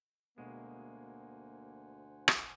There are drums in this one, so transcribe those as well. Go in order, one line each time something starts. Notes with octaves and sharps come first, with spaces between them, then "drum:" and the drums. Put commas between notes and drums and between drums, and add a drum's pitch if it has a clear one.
D2 B2 G#3 A#3 C5 F#5 G#5
drum: rim click